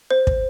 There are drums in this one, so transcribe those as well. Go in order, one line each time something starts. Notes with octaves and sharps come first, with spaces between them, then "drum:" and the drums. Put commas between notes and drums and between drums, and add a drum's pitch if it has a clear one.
C5
drum: kick